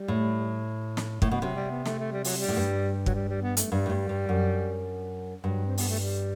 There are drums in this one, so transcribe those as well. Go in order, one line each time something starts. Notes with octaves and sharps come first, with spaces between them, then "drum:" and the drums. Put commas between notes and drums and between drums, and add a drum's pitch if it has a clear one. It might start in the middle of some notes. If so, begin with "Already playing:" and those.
Already playing: G3
A2
drum: snare
A2, drum: kick
B2
C3 F#3
G3
B3
A3, drum: snare
A3
G3
F#3, drum: open hi-hat
G3
A2
G2
F#3, drum: kick
G3
G3
B3
A3, drum: hi-hat
G2 G3
A2
G2
G2
F#2
G2 F#3
C4
B3, drum: open hi-hat
A3
G3